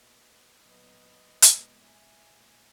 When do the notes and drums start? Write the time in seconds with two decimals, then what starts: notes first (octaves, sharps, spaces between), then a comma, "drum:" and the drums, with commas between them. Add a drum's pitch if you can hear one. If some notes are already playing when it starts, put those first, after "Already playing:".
Already playing: B2 A#3 B4 D#5
0.61 A#2 F#3 B3 B4 D#5
1.42 A#2 G#3 B3, drum: hi-hat
1.82 E5 G#5
2.23 A#2 G#3 B3